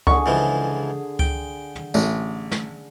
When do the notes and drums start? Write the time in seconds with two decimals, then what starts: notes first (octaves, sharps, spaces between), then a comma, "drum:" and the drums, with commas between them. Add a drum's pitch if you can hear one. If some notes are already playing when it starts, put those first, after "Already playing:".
0.07 D3 G#4 C#6, drum: kick C#2
0.26 C#2 E3 F3
1.19 G5, drum: kick C#2
1.75 drum: tom
1.94 A1, drum: tambourine
2.51 drum: snare